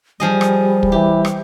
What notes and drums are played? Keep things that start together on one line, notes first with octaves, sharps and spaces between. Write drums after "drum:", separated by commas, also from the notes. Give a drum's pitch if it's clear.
F3 G3 G#4 D#5
drum: rim click
drum: kick
E3 G4
drum: rim click